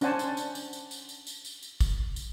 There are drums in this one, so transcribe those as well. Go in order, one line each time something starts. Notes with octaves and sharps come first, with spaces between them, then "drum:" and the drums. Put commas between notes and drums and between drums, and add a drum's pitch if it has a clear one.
C#4 D4 C5 F#5 G#5 A5, drum: tambourine
drum: tambourine
drum: tambourine
drum: tambourine
drum: tambourine
drum: tambourine
drum: tambourine
drum: tambourine
drum: tambourine
drum: tambourine
drum: kick, tambourine
drum: tambourine